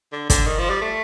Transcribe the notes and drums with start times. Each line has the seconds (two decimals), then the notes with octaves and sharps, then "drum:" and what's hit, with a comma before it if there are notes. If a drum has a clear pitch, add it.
0.12 D3
0.30 D3, drum: kick, hi-hat
0.47 D#3
0.59 F3
0.70 G3
0.82 A3